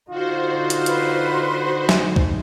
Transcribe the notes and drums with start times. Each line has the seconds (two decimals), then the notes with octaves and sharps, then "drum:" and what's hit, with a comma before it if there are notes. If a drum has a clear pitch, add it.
0.10 D3 D#4 F4 F#4 C5
0.70 drum: hi-hat
0.86 B4 C6, drum: hi-hat
1.89 drum: snare
2.16 drum: kick